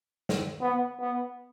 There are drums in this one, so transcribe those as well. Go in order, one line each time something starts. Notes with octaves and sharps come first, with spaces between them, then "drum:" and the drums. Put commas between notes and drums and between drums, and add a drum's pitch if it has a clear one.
drum: snare
B3
B3